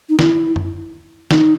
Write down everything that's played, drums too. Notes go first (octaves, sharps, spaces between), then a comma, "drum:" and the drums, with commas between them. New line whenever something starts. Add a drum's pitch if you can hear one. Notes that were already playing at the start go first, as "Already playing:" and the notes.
D#4
E4, drum: snare
drum: tom F#2
D#4, drum: snare